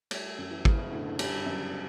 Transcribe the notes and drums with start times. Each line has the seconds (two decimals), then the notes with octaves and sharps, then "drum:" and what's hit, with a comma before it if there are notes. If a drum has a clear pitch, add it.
0.11 G3 A3, drum: cymbal
0.25 A3
0.38 F#2
0.51 E3
0.65 F#1 C#3, drum: kick
0.78 B2
0.92 A2 D3
1.05 G2
1.19 G2 G3, drum: cymbal
1.33 G2
1.46 F#2 B2
1.59 C#3
1.70 B2